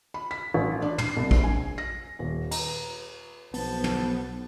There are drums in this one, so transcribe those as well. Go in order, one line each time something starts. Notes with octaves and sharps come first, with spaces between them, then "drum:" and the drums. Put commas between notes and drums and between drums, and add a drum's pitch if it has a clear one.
B5
B6
A1
D4
C7, drum: tom
C2
A#1, drum: kick
G#5
A#6
D#1
A#5, drum: cymbal
B1 F3 B3 A5, drum: open hi-hat
drum: tom